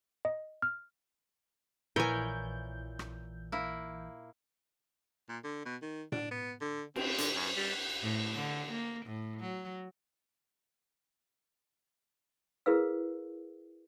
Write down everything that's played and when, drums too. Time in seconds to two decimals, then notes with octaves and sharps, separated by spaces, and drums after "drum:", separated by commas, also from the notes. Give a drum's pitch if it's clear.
0.25 D#5
0.62 F6
1.96 A#1 A#2 E3 E4 A#4 C#5 G#5 G6
2.99 drum: rim click
3.52 A#3 E4
5.29 A#2
5.44 D3
5.66 B2
5.82 D#3
6.12 D4, drum: tom A2
6.31 B3
6.61 D3
6.96 C4, drum: cymbal
7.18 D3, drum: hi-hat
7.36 F#2
7.57 G3
8.02 A2
8.35 D3
8.71 A#3
9.06 A2
9.40 F#3
12.66 E4 G#4 A#4 B4 F5 E6